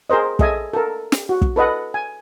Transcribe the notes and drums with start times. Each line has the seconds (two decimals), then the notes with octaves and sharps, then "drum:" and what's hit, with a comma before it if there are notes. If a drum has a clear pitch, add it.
0.10 G#4 A#4 C5 D#5
0.39 G#4 A4 D#5 E5 G#5, drum: kick
0.73 A4 A#4
1.12 drum: snare
1.29 F#4
1.42 drum: kick
1.56 A4 B4 D#5 F#5
1.94 G#5